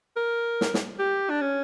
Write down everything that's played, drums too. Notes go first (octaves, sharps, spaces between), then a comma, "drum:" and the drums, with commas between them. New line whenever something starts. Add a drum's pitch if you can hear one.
A#4
drum: snare
drum: snare
G4
D4
C#4